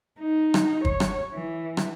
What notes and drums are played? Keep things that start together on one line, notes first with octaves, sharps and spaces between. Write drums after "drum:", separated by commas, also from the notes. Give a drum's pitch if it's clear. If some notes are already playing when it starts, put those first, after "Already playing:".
D#4
drum: rim click
C#5, drum: kick
drum: rim click
E3
drum: rim click